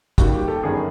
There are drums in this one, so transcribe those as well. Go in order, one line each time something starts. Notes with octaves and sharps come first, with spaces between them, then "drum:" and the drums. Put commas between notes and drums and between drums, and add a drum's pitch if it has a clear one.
D#2 D#3 G3 F#4, drum: kick, hi-hat
G4
G4 A4
G1 F#2 D#3 G#4 A#4